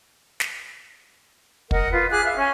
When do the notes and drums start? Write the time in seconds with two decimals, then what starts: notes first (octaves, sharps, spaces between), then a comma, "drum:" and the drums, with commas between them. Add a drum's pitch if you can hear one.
0.40 drum: snare
1.71 A#4 D#5 F#5, drum: kick
1.91 F4 B4
2.10 G#4 D6 F6 F#6
2.24 E5 F5
2.37 C#4 G#5